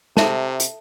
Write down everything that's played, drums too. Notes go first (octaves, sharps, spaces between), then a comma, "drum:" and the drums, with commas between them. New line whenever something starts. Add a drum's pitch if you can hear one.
C3 A4 E5 A5, drum: snare
drum: hi-hat